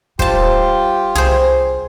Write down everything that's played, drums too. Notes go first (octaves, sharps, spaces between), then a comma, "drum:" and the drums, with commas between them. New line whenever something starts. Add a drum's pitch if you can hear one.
G3 F4 G4 C5 A5, drum: kick
C2 G#4 C5